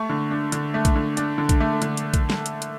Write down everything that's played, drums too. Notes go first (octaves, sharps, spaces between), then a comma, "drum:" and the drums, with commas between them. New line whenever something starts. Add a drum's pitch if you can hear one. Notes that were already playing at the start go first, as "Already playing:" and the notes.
Already playing: A3 C#6
D3
D4
D3, drum: hi-hat
A3
drum: kick A#1, hi-hat
D3
D4, drum: hi-hat
D3
drum: kick A#1, hi-hat
A3
D3, drum: hi-hat
drum: hi-hat
drum: kick A#1, hi-hat
drum: snare
drum: hi-hat
drum: hi-hat